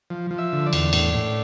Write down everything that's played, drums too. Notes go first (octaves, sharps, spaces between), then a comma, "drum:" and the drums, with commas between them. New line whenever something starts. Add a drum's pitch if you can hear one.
F3
F3
E5
D3
D5
E2, drum: cymbal
A2, drum: cymbal
A2